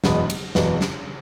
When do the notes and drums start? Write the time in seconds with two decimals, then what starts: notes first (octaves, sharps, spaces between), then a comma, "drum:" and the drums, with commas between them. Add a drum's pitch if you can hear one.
0.04 F#1 E2 B2 G#3 B3, drum: snare
0.30 drum: cymbal
0.55 F#1 E2 B2 G#3 B3, drum: snare
0.81 drum: snare